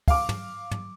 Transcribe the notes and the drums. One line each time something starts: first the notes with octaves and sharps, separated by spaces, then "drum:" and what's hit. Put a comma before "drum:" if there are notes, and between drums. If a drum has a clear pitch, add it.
F5 D6, drum: kick, open hi-hat
drum: tom
drum: tom